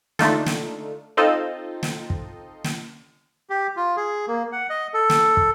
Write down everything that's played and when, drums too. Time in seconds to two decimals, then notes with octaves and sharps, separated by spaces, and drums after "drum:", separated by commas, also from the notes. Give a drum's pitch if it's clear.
0.19 D3 A3 D4 D#4 F4 A4, drum: snare
0.46 drum: snare
1.17 C4 D#4 F4 A4 C5 D#5
1.83 drum: snare
2.10 drum: kick
2.64 drum: snare
3.50 G4
3.76 F4
3.97 G#4
4.28 A#3
4.52 F#5
4.70 D#5
4.94 A4
5.10 drum: snare
5.37 drum: kick